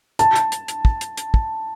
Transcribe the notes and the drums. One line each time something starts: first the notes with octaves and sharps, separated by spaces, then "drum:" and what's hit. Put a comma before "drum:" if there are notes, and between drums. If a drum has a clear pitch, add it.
A5, drum: hi-hat
drum: hi-hat
drum: hi-hat
drum: hi-hat
drum: kick
drum: hi-hat
drum: hi-hat
drum: kick